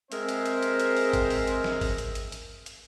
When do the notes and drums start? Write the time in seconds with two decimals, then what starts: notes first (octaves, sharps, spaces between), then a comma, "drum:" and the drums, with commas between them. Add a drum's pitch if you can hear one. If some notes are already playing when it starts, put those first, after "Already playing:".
0.12 G#3 C4 G#4 A#4 C5 E5, drum: hi-hat
0.29 drum: hi-hat
0.46 drum: hi-hat
0.63 drum: hi-hat
0.80 drum: hi-hat
0.96 drum: open hi-hat
1.13 drum: kick G#1, hi-hat
1.30 drum: open hi-hat
1.47 drum: hi-hat
1.64 drum: snare
1.81 drum: kick G#1, open hi-hat
1.98 drum: hi-hat
2.15 drum: hi-hat
2.32 drum: hi-hat
2.66 drum: hi-hat